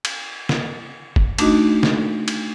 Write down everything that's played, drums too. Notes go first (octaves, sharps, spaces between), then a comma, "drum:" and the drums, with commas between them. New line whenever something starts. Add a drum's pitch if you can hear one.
drum: cymbal
drum: snare
drum: kick G1
A3 D4 D#4 F#4 D#5, drum: cymbal
drum: snare
drum: cymbal